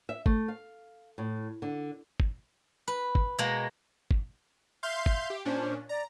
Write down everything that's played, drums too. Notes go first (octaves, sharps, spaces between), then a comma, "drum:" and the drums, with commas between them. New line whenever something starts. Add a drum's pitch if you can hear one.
E5
A3, drum: kick G#1
F5
A2
D3
drum: kick G#1
B4
drum: kick G#1
B2 G#3 A#3
drum: kick G#1
E5 F5 C6 G6
drum: kick G#1
G4
A#2 C#4 D4 C5
D5 A#5